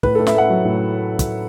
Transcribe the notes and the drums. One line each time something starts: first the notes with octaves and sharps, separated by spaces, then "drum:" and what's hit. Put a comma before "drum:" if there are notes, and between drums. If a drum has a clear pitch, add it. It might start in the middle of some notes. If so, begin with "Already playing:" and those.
A2 B4, drum: kick
A4
A2
E5, drum: snare
A3 F#5
F#3
A2
drum: kick, hi-hat